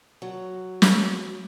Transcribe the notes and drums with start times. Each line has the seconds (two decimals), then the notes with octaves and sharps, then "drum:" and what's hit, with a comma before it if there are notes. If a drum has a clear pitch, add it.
0.22 F#3
0.82 drum: snare